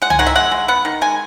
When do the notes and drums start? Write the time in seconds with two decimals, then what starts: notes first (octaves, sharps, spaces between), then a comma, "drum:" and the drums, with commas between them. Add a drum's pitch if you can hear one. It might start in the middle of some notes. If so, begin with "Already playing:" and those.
0.02 G#3 F#5
0.10 G#5, drum: tom C2
0.19 D#3 F#5
0.27 E5
0.35 G#3 F#5
0.51 G#3
0.68 B3 F#5
0.85 D#3
1.01 G#3 G#5